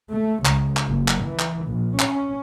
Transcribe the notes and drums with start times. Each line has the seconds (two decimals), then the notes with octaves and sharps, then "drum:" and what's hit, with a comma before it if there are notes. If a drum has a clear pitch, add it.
0.11 A3
0.45 C#2, drum: clap
0.77 drum: clap
0.87 F#1
1.08 drum: clap
1.24 E3
1.39 drum: clap
1.66 A#1
1.99 C#4, drum: clap